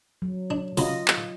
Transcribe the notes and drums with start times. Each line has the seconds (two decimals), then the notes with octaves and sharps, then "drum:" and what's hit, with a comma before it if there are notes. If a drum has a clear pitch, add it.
0.22 F#3
0.50 D4
0.77 C#3 F#3 F4 D#5 B5, drum: open hi-hat
1.08 drum: clap